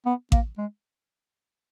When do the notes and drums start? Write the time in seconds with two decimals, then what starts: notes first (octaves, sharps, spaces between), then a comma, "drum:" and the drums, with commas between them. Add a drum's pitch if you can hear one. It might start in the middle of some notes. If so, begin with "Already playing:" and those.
0.06 B3
0.32 A#3, drum: kick A1
0.58 G#3